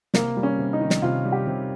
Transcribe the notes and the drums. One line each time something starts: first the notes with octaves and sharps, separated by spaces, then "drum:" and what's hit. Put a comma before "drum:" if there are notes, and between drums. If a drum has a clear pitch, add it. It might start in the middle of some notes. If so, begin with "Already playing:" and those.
C3 A#3, drum: snare
G3
C#4
C3
D#4
D#3
drum: snare
C3 F4
G3
G4
C3